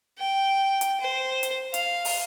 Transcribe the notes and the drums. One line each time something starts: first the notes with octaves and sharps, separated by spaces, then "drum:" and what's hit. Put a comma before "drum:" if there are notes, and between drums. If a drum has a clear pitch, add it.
G5
drum: hi-hat
C5
drum: hi-hat
F5, drum: hi-hat
drum: open hi-hat